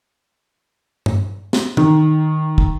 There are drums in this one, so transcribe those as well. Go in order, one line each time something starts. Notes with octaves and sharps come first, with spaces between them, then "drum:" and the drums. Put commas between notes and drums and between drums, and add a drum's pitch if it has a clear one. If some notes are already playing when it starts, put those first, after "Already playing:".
drum: tom
drum: snare
D#3, drum: tom
drum: kick